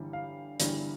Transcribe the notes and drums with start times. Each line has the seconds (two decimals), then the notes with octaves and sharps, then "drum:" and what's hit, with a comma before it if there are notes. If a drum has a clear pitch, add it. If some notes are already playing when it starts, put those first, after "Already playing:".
Already playing: G1 G2 E3 G3
0.13 F5
0.60 G1 G2 E3 G3, drum: hi-hat